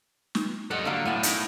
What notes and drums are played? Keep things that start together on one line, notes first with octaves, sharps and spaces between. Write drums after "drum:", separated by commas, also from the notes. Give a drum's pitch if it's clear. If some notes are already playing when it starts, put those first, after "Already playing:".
drum: snare
G3 F#4 A4 D#5 F#5
D3 F#3 A#3 F4
A2 B3 G#5 A5
D#4 E4 A#4, drum: hi-hat